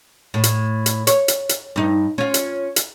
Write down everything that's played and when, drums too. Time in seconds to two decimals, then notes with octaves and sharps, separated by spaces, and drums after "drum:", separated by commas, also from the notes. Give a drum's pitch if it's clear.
0.34 A2
0.44 drum: hi-hat
0.86 drum: hi-hat
1.07 C#5, drum: hi-hat
1.28 drum: hi-hat
1.49 drum: hi-hat
1.76 G2 D#4
2.18 C#4 F4
2.34 drum: hi-hat
2.76 drum: hi-hat